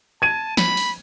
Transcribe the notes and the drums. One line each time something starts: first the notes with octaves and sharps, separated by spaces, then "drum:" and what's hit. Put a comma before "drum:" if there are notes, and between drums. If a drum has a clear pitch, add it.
A5 G#6 D#7
B5, drum: snare
drum: open hi-hat